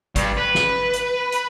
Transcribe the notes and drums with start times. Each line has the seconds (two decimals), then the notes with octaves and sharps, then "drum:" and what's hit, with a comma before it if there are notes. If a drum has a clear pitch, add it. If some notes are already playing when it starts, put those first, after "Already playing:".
0.16 G2, drum: kick G#1, hi-hat
0.38 B4
0.55 drum: snare
0.93 drum: hi-hat
1.32 drum: hi-hat